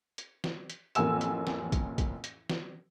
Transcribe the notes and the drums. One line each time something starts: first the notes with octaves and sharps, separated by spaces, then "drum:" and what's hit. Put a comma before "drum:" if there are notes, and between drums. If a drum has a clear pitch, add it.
drum: hi-hat
drum: snare
drum: hi-hat
A1 F2 A#3 G#5 E6 E7, drum: hi-hat
drum: hi-hat
drum: snare
drum: kick, hi-hat
drum: kick, hi-hat
drum: hi-hat
drum: snare